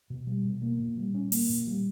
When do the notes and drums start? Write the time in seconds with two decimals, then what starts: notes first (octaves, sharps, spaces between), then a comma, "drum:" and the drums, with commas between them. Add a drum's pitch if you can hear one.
0.10 B2
0.27 G3
0.45 B2
0.62 A#3
0.80 A#2
0.97 G3
1.14 C#4
1.32 A#3, drum: open hi-hat
1.49 A#2
1.67 G3